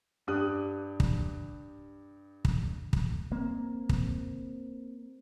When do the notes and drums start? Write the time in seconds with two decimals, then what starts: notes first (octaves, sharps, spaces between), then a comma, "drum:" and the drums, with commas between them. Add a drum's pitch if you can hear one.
0.27 G2 G4 D#6 F#6
1.00 drum: kick
2.45 drum: kick
2.93 drum: kick
3.32 A#3 C4
3.89 drum: kick